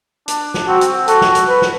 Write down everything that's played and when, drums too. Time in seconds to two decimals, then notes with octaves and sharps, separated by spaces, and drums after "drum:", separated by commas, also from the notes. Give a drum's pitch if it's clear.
0.28 D4, drum: hi-hat
0.54 drum: snare
0.68 C4 F#4
0.81 drum: hi-hat
1.08 F#4 A4, drum: hi-hat
1.22 drum: snare
1.35 drum: hi-hat
1.48 B4
1.62 drum: snare